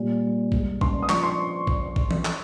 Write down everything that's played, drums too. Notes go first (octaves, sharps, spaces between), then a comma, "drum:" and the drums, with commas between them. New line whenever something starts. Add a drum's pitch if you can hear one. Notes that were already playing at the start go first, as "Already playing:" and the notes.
Already playing: A#2 G3
G3
G#3, drum: kick A1
C#4 C6, drum: kick A1
D#6
F3 C#6, drum: clap
C6
drum: kick A1
drum: kick A1
drum: tom E3
drum: clap